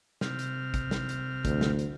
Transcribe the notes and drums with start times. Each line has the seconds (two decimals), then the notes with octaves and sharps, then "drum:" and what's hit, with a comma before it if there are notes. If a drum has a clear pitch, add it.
0.21 C3 F6, drum: snare
0.39 drum: hi-hat
0.74 drum: kick, hi-hat
0.91 drum: snare
1.09 drum: hi-hat
1.45 D2, drum: kick, hi-hat
1.61 drum: snare
1.79 drum: hi-hat